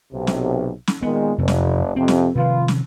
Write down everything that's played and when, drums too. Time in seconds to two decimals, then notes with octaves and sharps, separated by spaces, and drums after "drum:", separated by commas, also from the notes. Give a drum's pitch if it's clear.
0.13 B1 C3
0.27 drum: snare
0.87 drum: snare
1.03 A#2 D#3 G#3 B3
1.38 F#1 F2 C3
1.48 drum: snare
1.96 F2 C3 C4
2.08 drum: snare
2.35 C3 D#3 F3 F4 B4
2.68 drum: snare